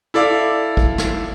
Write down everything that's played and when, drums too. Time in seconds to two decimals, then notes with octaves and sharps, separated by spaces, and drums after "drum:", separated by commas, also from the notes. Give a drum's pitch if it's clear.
0.14 E4 A4 D5 F5 D6
0.77 drum: kick
0.98 drum: snare